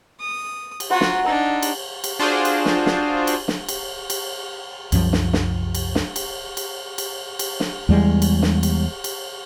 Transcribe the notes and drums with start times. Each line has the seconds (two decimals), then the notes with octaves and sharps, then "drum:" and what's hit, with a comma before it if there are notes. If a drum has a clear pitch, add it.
0.20 D#6
0.80 drum: cymbal
0.90 F4 F#4 C5 F#5 A#5
1.01 drum: snare
1.25 D4 D#4 G#5 A#5 E6
1.63 drum: cymbal
2.04 drum: cymbal
2.19 D4 F4 F#4 G#4 C5
2.45 drum: cymbal
2.66 drum: snare
2.86 drum: snare
3.27 drum: cymbal
3.48 drum: snare
3.69 drum: cymbal
4.10 drum: cymbal
4.92 C2 F#2 F3, drum: cymbal
5.13 drum: snare
5.33 drum: snare
5.75 drum: cymbal
5.95 drum: snare
6.16 drum: cymbal
6.57 drum: cymbal
6.98 drum: cymbal
7.39 drum: cymbal
7.60 drum: snare
7.89 E2 G3 G#3
8.22 drum: cymbal
8.42 drum: snare
8.63 drum: cymbal
9.04 drum: cymbal